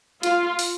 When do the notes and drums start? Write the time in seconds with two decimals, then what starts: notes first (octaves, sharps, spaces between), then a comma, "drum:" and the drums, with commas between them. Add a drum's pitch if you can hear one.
0.23 F4, drum: hi-hat
0.59 drum: open hi-hat